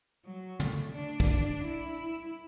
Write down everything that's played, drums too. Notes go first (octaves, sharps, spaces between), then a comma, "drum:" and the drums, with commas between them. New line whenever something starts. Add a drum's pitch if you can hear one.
F#3
A3, drum: tom
D4
drum: kick
E4